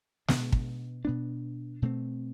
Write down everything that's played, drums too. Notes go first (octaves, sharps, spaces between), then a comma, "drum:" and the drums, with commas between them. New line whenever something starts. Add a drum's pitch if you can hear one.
B2 B3 D4, drum: snare
drum: kick
B2 B3 D4
B2 A3 C4